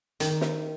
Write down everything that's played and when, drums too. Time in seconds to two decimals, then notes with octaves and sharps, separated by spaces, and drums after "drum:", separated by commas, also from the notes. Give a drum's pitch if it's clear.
0.20 D#3, drum: hi-hat
0.41 drum: snare